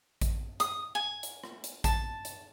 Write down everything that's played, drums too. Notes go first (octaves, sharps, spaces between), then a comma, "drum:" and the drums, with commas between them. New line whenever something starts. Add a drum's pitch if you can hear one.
drum: kick A1, hi-hat
D#6, drum: hi-hat
G#5
drum: hi-hat
drum: rim click
drum: hi-hat
A5, drum: kick A1, hi-hat
drum: hi-hat